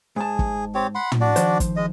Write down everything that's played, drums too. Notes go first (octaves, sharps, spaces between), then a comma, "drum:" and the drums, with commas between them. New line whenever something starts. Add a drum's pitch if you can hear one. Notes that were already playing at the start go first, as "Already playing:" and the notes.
G#2 G#4 A5
drum: kick
C4 G4 C#5
F#5 B5 C6
drum: tom
D4 F#4 D5
D#3 F3 C5, drum: hi-hat
drum: kick, hi-hat
G#3 D#5